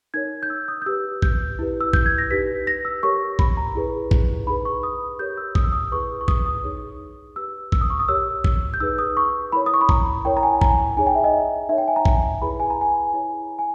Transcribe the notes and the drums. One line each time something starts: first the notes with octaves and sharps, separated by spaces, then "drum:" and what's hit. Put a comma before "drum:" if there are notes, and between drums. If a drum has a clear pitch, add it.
D#4 A#4 C#5 G#6
G6
E6
D#6
G6
G4 B4 E6
G6, drum: kick A#1
E4 G4 B4
E6
G6, drum: kick A#1
G#6
A#6
D#4 G4 B4 B6
A#6
E6
G4 A#4 C#5 C#6
B5, drum: kick A#1
A#5
E4 G#4 B4
drum: kick A#1
D#4 G#4 B4 B5
C#6
D#6
G4 A#4 C#5 G6
E6
D#6, drum: kick A#1
E6
D#6
E4 G#4 B4 C#6
C#6
D#6, drum: kick A#1
D#6
D#4 G#4 C#5
G4 B4 E6
E6, drum: kick A#1
D#6
C#6
D#6
G4 A#4 C#5 E6
drum: kick A#1
G6
D#4 G#4 B4 E6
D#6
C#6
E4 A#4 C#5 B5
D#6
C#6
B5
A#5, drum: kick A#1
E4 A#4 C#5 G5
A#5
G#5
A#5, drum: kick A#1
D#4 G#4 C#5 G#5
G5
E5
D#5
D#4 A#4 C#5 E5
G5
G#5
A#5
drum: kick A#1
E4 G#4 B4 B5
G#5
A#5
G#5
E4 G#4 C#5
G#5